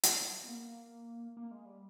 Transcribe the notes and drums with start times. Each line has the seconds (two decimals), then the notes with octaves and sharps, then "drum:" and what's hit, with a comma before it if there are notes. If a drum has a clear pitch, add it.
0.03 B3, drum: hi-hat
0.48 A#3
1.37 A#3
1.51 G#3
1.66 G3